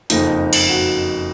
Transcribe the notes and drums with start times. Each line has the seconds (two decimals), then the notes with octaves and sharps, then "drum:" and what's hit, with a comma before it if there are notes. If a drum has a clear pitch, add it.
0.10 F#1 F2 F3 D#4, drum: hi-hat
0.53 drum: cymbal
0.69 F#4